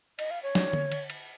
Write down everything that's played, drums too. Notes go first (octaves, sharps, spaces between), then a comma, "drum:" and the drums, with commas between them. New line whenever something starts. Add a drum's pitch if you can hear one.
D#5, drum: cymbal
F5
C#5
drum: snare
drum: tom D3
drum: cymbal
drum: cymbal